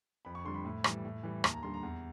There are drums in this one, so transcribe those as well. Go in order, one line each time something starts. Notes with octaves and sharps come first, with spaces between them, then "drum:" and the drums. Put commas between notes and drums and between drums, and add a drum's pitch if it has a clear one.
F2 B5
C#6
D3 G3 C6
B5
A2
E3 G3, drum: rim click
A2
E3 G3
D#2 A5, drum: rim click
A#5
D3 G3 C6
A#5
E2